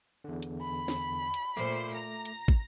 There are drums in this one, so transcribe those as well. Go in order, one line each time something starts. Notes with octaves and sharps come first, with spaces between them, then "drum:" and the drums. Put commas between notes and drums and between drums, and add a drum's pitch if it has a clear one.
E2 D3
drum: hi-hat
B5
drum: snare
drum: hi-hat
A#2 A3 C5 D6 C7
A#5 A#6
drum: hi-hat
drum: kick